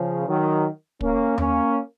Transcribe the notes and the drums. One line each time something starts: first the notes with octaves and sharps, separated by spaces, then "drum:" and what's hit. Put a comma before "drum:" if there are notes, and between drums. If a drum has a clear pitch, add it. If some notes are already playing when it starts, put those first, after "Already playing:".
Already playing: C#3 F3
D#3 F#3
A#3 C#4, drum: kick
A#3 C#4, drum: tom D#2